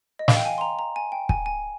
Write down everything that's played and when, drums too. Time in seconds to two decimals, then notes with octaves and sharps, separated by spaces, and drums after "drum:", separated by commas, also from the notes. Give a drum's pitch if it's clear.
0.19 D#5
0.28 F5, drum: snare
0.36 G5
0.45 G#5
0.58 C6
0.61 A#5
0.79 A#5
0.96 G#5
1.12 G5
1.29 G#5, drum: kick
1.46 G#5